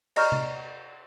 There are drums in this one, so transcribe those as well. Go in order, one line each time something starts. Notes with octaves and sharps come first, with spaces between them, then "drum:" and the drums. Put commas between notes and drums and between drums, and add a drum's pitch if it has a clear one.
D5 D#5 A#5 C#6 F6 G6, drum: cymbal
drum: tom C3